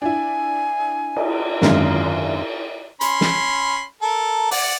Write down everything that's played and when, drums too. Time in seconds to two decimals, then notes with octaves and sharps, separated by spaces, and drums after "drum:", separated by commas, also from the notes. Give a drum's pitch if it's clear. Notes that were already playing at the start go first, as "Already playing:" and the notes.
0.02 D4 E4 G#5
1.16 drum: cymbal
1.62 G#1 F#2 D3 G#3 F4 A#4, drum: snare
3.01 C#4 B5 C6, drum: hi-hat
3.21 drum: snare
4.02 A4 A#4
4.51 D5 F#5, drum: open hi-hat